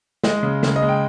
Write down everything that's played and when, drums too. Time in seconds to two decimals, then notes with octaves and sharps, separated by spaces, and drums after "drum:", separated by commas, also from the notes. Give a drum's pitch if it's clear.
0.24 G#3 D#5, drum: snare
0.43 C#3
0.63 C#3, drum: snare
0.76 D#5
0.82 G#3
0.89 G5